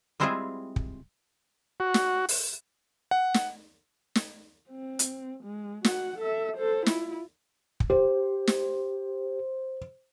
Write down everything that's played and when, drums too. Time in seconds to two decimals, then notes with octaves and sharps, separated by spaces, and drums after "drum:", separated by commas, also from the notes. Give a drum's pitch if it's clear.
0.20 G3 G#3 C4 E4 F4 G#4
0.76 drum: kick
1.80 F#4
1.94 drum: snare
2.29 drum: open hi-hat
3.11 F#5
3.34 drum: snare
4.15 drum: snare
4.70 C4
4.99 drum: hi-hat
5.43 G#3
5.84 F#4 F#5, drum: snare
6.18 A4 E5
6.57 A4 C5
6.86 E4 F4, drum: snare
7.80 drum: kick
7.90 G4 C5
8.47 drum: snare